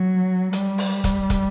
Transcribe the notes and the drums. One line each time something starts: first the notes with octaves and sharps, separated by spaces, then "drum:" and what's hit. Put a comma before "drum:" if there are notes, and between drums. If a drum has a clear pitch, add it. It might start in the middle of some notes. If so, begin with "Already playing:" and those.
Already playing: F#3
G3, drum: hi-hat
drum: open hi-hat
drum: kick, hi-hat
drum: kick, hi-hat